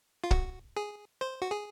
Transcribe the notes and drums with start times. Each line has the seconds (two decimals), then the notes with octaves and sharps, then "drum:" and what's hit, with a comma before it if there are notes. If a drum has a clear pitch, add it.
0.24 F4
0.31 F#4, drum: kick
0.77 G#4
1.21 C5
1.42 F#4
1.51 G#4